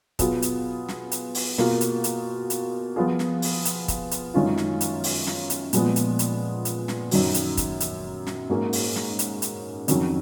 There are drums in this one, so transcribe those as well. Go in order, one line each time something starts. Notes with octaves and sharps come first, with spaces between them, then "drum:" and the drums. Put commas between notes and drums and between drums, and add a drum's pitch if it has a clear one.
B2 F#3 B3 F4 G#4, drum: kick, hi-hat
drum: hi-hat
drum: snare
drum: hi-hat
drum: open hi-hat
B2 A#3 F4 G#4, drum: snare
drum: hi-hat
drum: hi-hat
drum: hi-hat
F3 B3 F4 G#4
drum: snare
drum: open hi-hat
drum: hi-hat
drum: kick, hi-hat
drum: hi-hat
F#2 D#3 G#3 C#4 F4
drum: snare
drum: hi-hat
drum: open hi-hat
drum: snare
drum: hi-hat
A#2 F3 G#3 B3, drum: hi-hat
drum: hi-hat
drum: hi-hat
drum: hi-hat
drum: snare
F#2 D#3 F#3, drum: open hi-hat
drum: hi-hat
drum: kick, hi-hat
drum: hi-hat
drum: snare
G#2 F#3 A#3 C#4
drum: open hi-hat
drum: snare
drum: hi-hat
drum: hi-hat
F2 D#3 F#3 C#4, drum: hi-hat